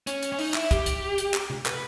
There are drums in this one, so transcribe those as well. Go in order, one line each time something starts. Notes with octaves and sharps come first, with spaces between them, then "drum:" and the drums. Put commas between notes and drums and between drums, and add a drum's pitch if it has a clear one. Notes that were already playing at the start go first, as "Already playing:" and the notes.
C#4, drum: hi-hat
drum: hi-hat
C#4
D#4, drum: open hi-hat
E4, drum: clap
G4, drum: kick, hi-hat
drum: hi-hat
drum: hi-hat
drum: clap
drum: tom C3
B4, drum: clap